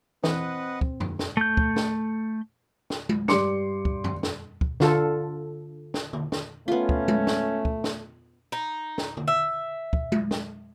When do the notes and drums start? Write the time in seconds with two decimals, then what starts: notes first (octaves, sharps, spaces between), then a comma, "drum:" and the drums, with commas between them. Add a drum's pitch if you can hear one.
0.24 E3 C4 B4 D#5 F#5, drum: snare
0.81 drum: kick
1.00 drum: tom F#2
1.19 drum: snare
1.37 A3 G6
1.57 drum: kick
1.76 drum: snare
2.90 drum: snare
3.09 drum: tom G#3
3.28 G2 G4 D5 C6 D6 C#7, drum: snare
3.85 drum: kick
4.04 drum: tom F#2
4.23 drum: snare
4.61 drum: kick
4.80 D3 F4 A4, drum: snare
5.94 drum: snare
6.13 drum: tom
6.32 drum: snare
6.68 A3 B3 C#4 F4
6.89 drum: kick
7.08 drum: tom G#3
7.27 drum: snare
7.65 drum: kick
7.84 drum: snare
8.52 D#4
8.98 drum: snare
9.17 drum: tom
9.28 E5
9.93 drum: kick
10.12 drum: tom G#3
10.31 drum: snare